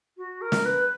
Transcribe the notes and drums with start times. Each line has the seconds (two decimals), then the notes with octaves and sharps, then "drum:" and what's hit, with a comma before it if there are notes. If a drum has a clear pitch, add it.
0.17 F#4
0.41 A#4
0.52 drum: snare
0.65 B4